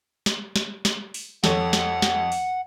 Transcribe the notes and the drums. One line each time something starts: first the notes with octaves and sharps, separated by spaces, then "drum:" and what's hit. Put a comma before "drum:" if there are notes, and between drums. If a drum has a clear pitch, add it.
drum: snare
drum: snare
drum: snare
drum: open hi-hat
F2 A4 C#5 F#5, drum: snare
drum: snare
drum: snare
drum: open hi-hat